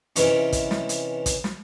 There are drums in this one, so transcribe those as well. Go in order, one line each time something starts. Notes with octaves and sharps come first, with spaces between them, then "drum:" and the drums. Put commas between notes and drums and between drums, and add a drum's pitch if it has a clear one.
C3 D#3 E3 C#4, drum: hi-hat
drum: kick, hi-hat
drum: snare
drum: hi-hat
drum: kick, hi-hat
drum: snare